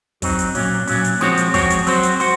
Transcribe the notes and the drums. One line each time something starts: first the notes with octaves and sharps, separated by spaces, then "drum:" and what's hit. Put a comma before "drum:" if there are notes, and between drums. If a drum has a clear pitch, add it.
F#3 C4 D#4, drum: kick, open hi-hat
drum: hi-hat
A#2 F#3 C#4, drum: open hi-hat
A#2 F#3 C#4, drum: open hi-hat
drum: hi-hat
F3 G#3 C4 F#4 C#5, drum: snare
drum: hi-hat
F3 G#3 C4 F#4 C#5, drum: kick, open hi-hat
drum: hi-hat
F#3 C4 F#4 C5, drum: open hi-hat
drum: hi-hat
F#4 C5, drum: open hi-hat